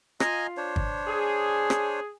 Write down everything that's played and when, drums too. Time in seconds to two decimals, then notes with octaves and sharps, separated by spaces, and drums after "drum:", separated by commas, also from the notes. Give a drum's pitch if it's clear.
0.20 F4 D#5 G#5 A#5, drum: rim click
0.57 D4 C5 C#5
0.76 drum: kick G1
1.07 G#4
1.70 drum: rim click